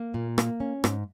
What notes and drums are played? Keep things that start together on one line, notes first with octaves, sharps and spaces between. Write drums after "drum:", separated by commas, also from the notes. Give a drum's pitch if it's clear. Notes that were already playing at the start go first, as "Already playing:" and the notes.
Already playing: A#3
A#2
A#3, drum: rim click
C#4
G#2, drum: rim click